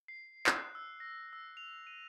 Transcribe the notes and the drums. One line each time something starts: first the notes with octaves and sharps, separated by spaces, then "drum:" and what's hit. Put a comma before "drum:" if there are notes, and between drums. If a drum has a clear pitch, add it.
C7
F#6, drum: clap
E6
A#6
E6
F7
D#7